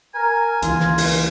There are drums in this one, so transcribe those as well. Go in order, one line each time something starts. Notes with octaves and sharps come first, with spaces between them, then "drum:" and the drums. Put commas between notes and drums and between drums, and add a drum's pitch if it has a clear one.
A#4 G#5
C#2 E3 F4, drum: hi-hat
drum: snare
drum: open hi-hat